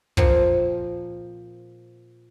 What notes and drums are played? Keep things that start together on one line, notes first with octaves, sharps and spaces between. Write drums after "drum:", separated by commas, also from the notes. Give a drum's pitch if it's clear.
A#2 F3 C4, drum: kick